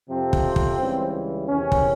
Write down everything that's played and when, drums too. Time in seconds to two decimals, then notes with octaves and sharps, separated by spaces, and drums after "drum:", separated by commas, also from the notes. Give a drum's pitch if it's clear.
0.09 F2 C3 F3 C4
0.33 drum: kick
0.56 drum: kick
0.79 C#2 C#3 E3 G3
1.48 E2 C3 D#3 C#4
1.72 drum: kick